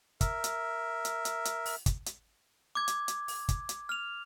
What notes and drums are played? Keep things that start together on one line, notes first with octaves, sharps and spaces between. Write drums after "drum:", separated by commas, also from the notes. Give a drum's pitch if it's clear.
A#4 E5, drum: kick, hi-hat
drum: hi-hat
drum: hi-hat
drum: hi-hat
drum: hi-hat
drum: open hi-hat
drum: kick, hi-hat
drum: hi-hat
D6 G#6
drum: hi-hat
drum: hi-hat
drum: open hi-hat
drum: kick, hi-hat
drum: hi-hat
F6 F7